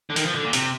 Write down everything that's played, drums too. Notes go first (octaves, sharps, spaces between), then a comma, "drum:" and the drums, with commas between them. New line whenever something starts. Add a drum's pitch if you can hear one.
D3
D#3, drum: hi-hat
F3
D3
A#2
C3, drum: hi-hat